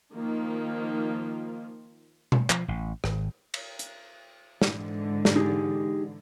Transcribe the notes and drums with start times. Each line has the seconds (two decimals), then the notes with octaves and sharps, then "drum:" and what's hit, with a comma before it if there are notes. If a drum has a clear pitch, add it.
0.15 D#3 F3 A#3 F4
2.32 drum: tom B2
2.50 F3, drum: clap
2.68 A1
3.04 G#1, drum: rim click
3.54 drum: cymbal
3.79 drum: hi-hat
4.62 G#2 D3 E3, drum: snare
5.25 drum: snare
5.36 D#4 G4 G#4